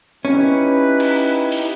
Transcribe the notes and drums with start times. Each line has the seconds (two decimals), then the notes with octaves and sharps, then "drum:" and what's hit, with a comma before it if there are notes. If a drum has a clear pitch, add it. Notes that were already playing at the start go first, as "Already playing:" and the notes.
0.25 C#4 D#4 E4 G4 B4
1.00 drum: cymbal
1.52 drum: open hi-hat